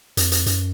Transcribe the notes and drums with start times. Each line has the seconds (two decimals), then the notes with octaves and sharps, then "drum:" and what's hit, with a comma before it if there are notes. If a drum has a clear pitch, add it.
0.17 F2, drum: hi-hat
0.32 drum: hi-hat
0.46 F#2, drum: hi-hat